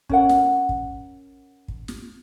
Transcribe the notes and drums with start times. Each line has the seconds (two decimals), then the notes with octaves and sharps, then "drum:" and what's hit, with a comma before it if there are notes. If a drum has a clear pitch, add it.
0.09 C#4 A#4 F#5, drum: kick
0.29 drum: snare
0.69 drum: kick
1.68 drum: kick
1.88 drum: snare